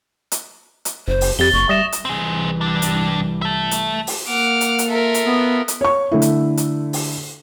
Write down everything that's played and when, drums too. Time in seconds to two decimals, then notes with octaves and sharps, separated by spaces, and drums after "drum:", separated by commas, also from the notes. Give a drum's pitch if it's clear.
0.32 drum: hi-hat
0.85 drum: hi-hat
1.08 F#1 C5
1.21 drum: open hi-hat
1.39 F2 G4 A6 G7
1.53 F#1 C#6
1.69 G3 E5 D#6 A#6 E7
1.92 drum: hi-hat
2.05 C2 E3 G3 C4 G#4
2.61 G2 D4
2.82 drum: hi-hat
3.42 E5 A5
3.71 drum: hi-hat
4.07 drum: open hi-hat
4.28 A#3 F#5 D6 F6
4.61 drum: hi-hat
4.79 drum: hi-hat
4.88 F4 A4 A#4 E5
5.14 drum: hi-hat
5.26 B3
5.68 drum: hi-hat
5.81 C#5 C#6
6.12 D3 A3 E4
6.22 drum: hi-hat
6.57 drum: hi-hat
6.93 drum: open hi-hat